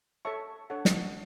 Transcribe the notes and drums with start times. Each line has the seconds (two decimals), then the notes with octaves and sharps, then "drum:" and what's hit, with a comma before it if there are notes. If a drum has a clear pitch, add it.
0.25 A4 C#5 E5 A5 C#6
0.70 D4 A4 C#5 F#5
0.85 drum: snare